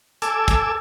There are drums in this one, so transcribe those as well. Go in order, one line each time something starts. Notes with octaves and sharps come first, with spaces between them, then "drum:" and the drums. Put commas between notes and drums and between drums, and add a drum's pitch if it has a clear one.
A4 G#5 D6 E6, drum: hi-hat
drum: kick, hi-hat